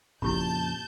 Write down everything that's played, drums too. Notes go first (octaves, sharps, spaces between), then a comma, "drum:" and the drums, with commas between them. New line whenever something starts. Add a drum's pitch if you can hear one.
F2 A#2 C#3 E4 G4 A5 B5 G6, drum: kick G1